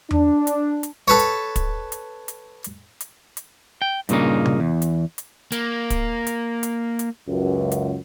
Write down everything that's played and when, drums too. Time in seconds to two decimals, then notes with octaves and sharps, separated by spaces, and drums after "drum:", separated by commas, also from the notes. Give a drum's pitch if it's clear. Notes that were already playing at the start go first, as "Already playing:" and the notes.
0.11 D4, drum: tom E2
0.47 drum: hi-hat
0.83 drum: hi-hat
1.08 A4 B4 C#5
1.19 drum: hi-hat
1.56 drum: kick, hi-hat
1.92 drum: hi-hat
2.28 drum: hi-hat
2.64 drum: hi-hat
3.01 drum: hi-hat
3.37 drum: hi-hat
3.82 G5
4.09 G2 A#2 C#3 A#3 D#4, drum: hi-hat
4.45 drum: tom C3
4.60 E2
4.82 drum: hi-hat
5.18 drum: hi-hat
5.52 A#3, drum: hi-hat
5.90 drum: kick, hi-hat
6.27 drum: hi-hat
6.63 drum: hi-hat
6.99 drum: hi-hat
7.29 C#2 F#2
7.72 drum: hi-hat